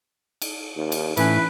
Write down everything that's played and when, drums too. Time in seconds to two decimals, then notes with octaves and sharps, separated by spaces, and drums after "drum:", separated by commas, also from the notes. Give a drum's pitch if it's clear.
0.42 drum: cymbal
0.76 D#2
0.92 drum: cymbal
1.17 A2 E3 C#4 E4 B4 G#5, drum: cymbal